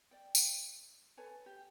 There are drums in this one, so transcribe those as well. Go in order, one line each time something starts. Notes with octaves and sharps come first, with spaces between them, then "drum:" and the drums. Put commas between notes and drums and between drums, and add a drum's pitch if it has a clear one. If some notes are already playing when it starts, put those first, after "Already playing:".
D5 G5
drum: tambourine
A4 B4 C#5 G#5
G4